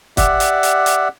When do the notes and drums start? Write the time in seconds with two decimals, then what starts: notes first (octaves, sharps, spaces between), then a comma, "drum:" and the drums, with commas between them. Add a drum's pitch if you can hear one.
0.17 G4 D5 E5 F#5, drum: kick, hi-hat
0.40 drum: hi-hat
0.63 drum: hi-hat
0.86 drum: hi-hat